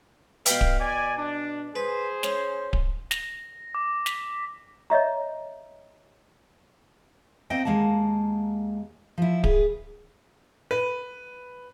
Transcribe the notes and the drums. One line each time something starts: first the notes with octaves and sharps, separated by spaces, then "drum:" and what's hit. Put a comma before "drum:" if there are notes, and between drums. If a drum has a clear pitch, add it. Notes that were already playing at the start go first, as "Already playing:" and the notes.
B2 B4 F5 G5, drum: hi-hat
drum: kick D1
D5 G#5
D4
G#4 B4 C5
C#4, drum: snare
drum: kick D1
A#6, drum: snare
D6
B6, drum: snare
C#5 D#5 E5 A#5
A#3 C4 C5 D#5 G5
D#2 G#3 A#3 F#5 A5
F3 E4
G#4 B4, drum: kick D1
B4